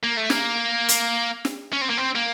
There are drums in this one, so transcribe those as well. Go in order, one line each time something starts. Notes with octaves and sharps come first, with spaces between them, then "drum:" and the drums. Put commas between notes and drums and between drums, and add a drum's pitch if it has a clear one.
A#3
A3
A#3, drum: snare
drum: hi-hat
drum: snare
C#4
C4
A#3
C4
A#3